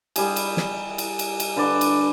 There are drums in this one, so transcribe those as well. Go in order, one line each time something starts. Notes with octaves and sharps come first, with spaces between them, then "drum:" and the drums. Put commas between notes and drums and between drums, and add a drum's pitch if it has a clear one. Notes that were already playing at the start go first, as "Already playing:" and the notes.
G3 G#4, drum: cymbal
drum: cymbal
drum: snare
drum: cymbal
drum: cymbal
drum: cymbal
D3 B4 D5
drum: cymbal